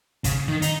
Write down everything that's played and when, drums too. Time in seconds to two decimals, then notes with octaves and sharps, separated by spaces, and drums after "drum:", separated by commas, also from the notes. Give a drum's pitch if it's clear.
0.24 C#3, drum: kick, hi-hat
0.48 D#3
0.62 D#4, drum: hi-hat